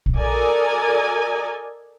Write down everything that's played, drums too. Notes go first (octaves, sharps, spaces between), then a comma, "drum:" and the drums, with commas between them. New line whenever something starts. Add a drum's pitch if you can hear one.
drum: kick A#1
F#4 A4 A#4 D5 D#5 G#5